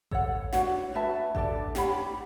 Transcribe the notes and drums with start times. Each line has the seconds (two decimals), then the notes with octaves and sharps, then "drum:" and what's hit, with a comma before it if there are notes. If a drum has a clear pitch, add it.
0.11 A4 C#5 F#5, drum: kick A1
0.52 D4 F#4 C#5 F#5, drum: snare
0.94 F#4 B4 E5 A5
1.35 D4 A4 D5 A5, drum: kick A1
1.75 G4 C#5 F#5 B5, drum: snare